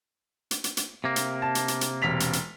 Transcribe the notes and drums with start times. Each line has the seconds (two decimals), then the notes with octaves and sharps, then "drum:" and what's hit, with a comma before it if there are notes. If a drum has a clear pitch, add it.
0.51 drum: hi-hat
0.64 drum: hi-hat
0.77 drum: hi-hat
1.04 C3 A#3
1.16 drum: hi-hat
1.42 A5
1.55 drum: hi-hat
1.68 drum: hi-hat
1.81 drum: hi-hat
2.02 E1 B6 F7
2.20 drum: hi-hat
2.33 drum: hi-hat